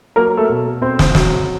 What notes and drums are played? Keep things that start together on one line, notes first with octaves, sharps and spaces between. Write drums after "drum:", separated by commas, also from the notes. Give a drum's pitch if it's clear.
F#3 A#3 A#4
A3 A4
B2
B2 C4 C5
drum: snare
F#3, drum: snare